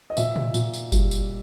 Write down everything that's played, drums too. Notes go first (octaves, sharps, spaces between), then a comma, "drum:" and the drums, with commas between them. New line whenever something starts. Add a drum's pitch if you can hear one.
D#5
A#2 E5, drum: tambourine
drum: tom
A#2, drum: tambourine
drum: tambourine
G3, drum: kick F#1, tambourine
drum: tambourine